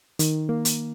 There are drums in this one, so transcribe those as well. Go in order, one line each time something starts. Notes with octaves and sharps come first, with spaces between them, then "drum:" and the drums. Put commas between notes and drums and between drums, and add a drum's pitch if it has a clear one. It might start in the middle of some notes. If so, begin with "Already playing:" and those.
D#3, drum: hi-hat
A#3
drum: hi-hat